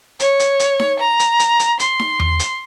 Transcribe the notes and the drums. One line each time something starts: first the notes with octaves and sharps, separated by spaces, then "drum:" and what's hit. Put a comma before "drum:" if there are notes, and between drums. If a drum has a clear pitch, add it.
C#5, drum: hi-hat
drum: hi-hat
drum: hi-hat
drum: snare D#4
A#5
drum: hi-hat
drum: hi-hat
drum: hi-hat
C6, drum: hi-hat
drum: snare D#4
drum: tom E2
drum: hi-hat